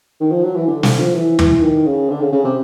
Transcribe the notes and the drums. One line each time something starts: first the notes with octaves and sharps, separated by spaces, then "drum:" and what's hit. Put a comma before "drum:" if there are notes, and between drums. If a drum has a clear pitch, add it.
D#3
F3
F#3
E3
D3
D3, drum: snare
F3
E3
E3, drum: tom
D#3
C#3
D3
C#3
C#3
C3